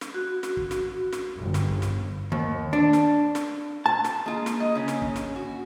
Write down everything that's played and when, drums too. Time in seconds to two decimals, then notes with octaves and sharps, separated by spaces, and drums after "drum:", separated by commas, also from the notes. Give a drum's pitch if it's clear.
0.01 drum: snare
0.14 F#4
0.43 drum: snare
0.57 drum: kick
0.71 drum: snare
1.13 drum: snare
1.39 G1
1.54 drum: snare
1.68 drum: kick
1.82 drum: snare
2.32 D#2
2.73 D4
2.93 drum: snare
3.35 drum: snare
3.86 A5
4.05 drum: snare
4.26 G#3 A#3 F4
4.46 drum: snare
4.60 D#5
4.75 C#3 C#4
4.88 drum: snare
5.02 drum: kick
5.16 drum: snare
5.36 F#4